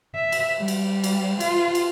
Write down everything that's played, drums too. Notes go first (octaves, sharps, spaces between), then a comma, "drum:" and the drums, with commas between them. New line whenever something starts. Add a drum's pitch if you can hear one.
E5
drum: cymbal
G3
drum: cymbal
drum: cymbal
F4, drum: cymbal
drum: cymbal